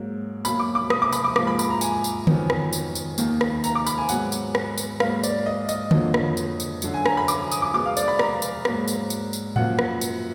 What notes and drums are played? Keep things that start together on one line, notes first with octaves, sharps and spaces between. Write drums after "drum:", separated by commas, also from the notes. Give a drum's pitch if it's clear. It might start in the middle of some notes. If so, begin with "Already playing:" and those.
Already playing: G#2 F#3 A#3
B2 F#3 A#3 B5, drum: tambourine
D6
D6
D#6, drum: rim click
D6
B5, drum: tambourine
D6
G#2 F3 A#3 D6, drum: rim click
B5
B5, drum: tambourine
A#5
G#5, drum: tambourine
drum: tambourine
F2 D#3 F#3 B3, drum: tom D3
drum: rim click
drum: tambourine
drum: tambourine
D#2 D#3 A#3, drum: tambourine
drum: rim click
A#5, drum: tambourine
D6
B5, drum: tambourine
G#5
G#2 F#3 B3 F#5, drum: tambourine
drum: tambourine
drum: rim click
drum: tambourine
G#2 F#3 A#3 F5, drum: rim click
D5, drum: tambourine
D#5
D#5, drum: tambourine
F2 D3 F#3 A#3, drum: tom D3
drum: rim click
drum: tambourine
drum: tambourine
F#2 D3 F#3, drum: tambourine
G#5
A#5, drum: rim click
B5
D6, drum: tambourine
D#6, drum: tambourine
D6
B2 G#3 B3 D6
F5
D5, drum: tambourine
B5
A#5, drum: rim click
drum: tambourine
G#2 F#3 A#3, drum: rim click
drum: tambourine
drum: tambourine
drum: tambourine
F#2 F3 A#3 F#5, drum: tom A2
drum: rim click
drum: tambourine